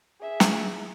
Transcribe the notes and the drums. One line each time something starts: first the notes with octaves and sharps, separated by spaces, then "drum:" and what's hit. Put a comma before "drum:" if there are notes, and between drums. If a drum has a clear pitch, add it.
G#4 E5
drum: snare